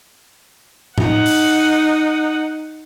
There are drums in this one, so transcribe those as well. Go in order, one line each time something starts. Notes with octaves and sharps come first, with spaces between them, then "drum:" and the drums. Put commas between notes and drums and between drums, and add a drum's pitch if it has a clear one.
D#4 F#5, drum: tom A2
drum: open hi-hat